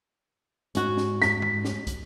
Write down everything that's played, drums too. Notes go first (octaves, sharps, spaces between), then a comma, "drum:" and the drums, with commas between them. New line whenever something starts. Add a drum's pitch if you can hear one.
G#2 C#4 F#4, drum: hi-hat
drum: snare
B6, drum: snare
drum: tom
drum: snare
drum: kick, hi-hat